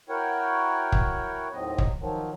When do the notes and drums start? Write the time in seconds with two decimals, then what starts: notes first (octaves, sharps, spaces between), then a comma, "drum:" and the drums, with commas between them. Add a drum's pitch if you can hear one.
0.09 E4 F#4 A#4 C#5 F#5 G5
0.92 drum: kick
1.53 D#2 A2 F#3 C4 D#5
1.78 drum: kick
2.00 D#3 F3 F#3